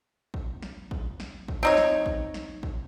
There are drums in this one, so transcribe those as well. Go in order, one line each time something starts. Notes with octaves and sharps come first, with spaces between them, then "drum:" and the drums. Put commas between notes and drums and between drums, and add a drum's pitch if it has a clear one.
drum: kick
drum: snare
drum: kick
drum: snare
drum: kick
C4 D#4 C#5
drum: snare
drum: kick
drum: snare
drum: kick